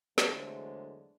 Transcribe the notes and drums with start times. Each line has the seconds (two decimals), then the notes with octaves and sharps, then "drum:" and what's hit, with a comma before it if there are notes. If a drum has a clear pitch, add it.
0.18 E2 D3 F#3 G#3 A3 C5, drum: snare